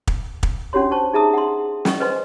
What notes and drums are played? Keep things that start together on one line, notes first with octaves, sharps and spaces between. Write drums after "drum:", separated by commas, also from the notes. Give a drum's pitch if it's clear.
drum: kick
drum: kick
C#4 D4 F#4 G4 C#5 C6
C5 A5 C#6
D#4 G#4 E5 A5 A#5 D#6
F#5 C6
C#4 D#5 C#6, drum: snare
B4 C5 D#5 G#5 C6